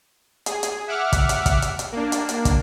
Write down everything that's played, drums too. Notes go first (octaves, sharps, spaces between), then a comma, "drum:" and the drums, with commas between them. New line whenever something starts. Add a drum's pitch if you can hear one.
G#4, drum: hi-hat
drum: hi-hat
E5 F#5 D6 F6
drum: kick, hi-hat
drum: hi-hat
drum: kick, hi-hat
drum: hi-hat
drum: hi-hat
A#3 D4
drum: hi-hat
drum: hi-hat
drum: kick, hi-hat